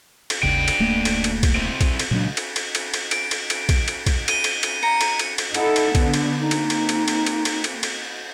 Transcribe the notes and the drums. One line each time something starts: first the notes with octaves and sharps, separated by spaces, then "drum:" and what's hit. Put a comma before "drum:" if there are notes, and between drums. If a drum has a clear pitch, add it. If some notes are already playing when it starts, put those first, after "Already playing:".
drum: cymbal
G#1 D#2 C#3 D4 G5
drum: cymbal
D1 A3 A#3
drum: cymbal
drum: cymbal
drum: kick, cymbal
C4 E4
drum: kick, cymbal
drum: cymbal
C#2 A#2 F#3 D4
drum: cymbal
drum: cymbal
drum: cymbal
drum: cymbal
D7, drum: cymbal
drum: cymbal
drum: cymbal
drum: kick, cymbal
drum: cymbal
drum: kick, cymbal
D#7 G7, drum: cymbal
drum: cymbal
drum: cymbal
A#5 C#7
drum: cymbal
drum: cymbal
drum: cymbal
D#4 E4 A4 F#5, drum: cymbal
drum: cymbal
D3 B3, drum: kick, cymbal
drum: cymbal
A#3 C4 D#4
drum: cymbal
drum: cymbal
drum: cymbal
drum: cymbal
drum: cymbal
drum: cymbal
drum: cymbal
drum: cymbal